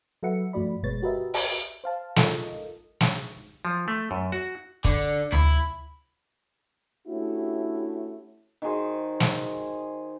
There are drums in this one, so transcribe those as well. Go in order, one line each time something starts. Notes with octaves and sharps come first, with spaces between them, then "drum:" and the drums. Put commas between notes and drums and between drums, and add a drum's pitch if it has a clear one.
F#3 A4 B4 E5 F#5 C#7
G2 F3 A3 F#4 D5 B5
G1 B2 G#3 B4 C#5 A6
F#4 G4 A#4 B4 D#5 E5
drum: open hi-hat
C5 F5 A5
F4 A4 A#4 D#5, drum: snare
drum: snare
F3
A3
F#2
F#4
D3, drum: kick
E4, drum: tom D2
A3 C#4 D4 E4 F#4 G4
D#3 F#4 G#4 C5
drum: snare